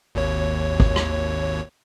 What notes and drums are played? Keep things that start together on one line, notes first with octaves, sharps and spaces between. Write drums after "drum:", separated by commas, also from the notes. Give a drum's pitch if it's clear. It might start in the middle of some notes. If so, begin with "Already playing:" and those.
G#1 D#2 C#5
drum: kick
drum: rim click